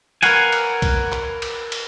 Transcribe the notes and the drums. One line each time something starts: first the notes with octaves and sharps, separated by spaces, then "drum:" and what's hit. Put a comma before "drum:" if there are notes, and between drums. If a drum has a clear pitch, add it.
A#4 B4 C#5 F5 F#5 G#5, drum: cymbal
drum: cymbal
drum: kick B1, cymbal
drum: clap
drum: cymbal
drum: cymbal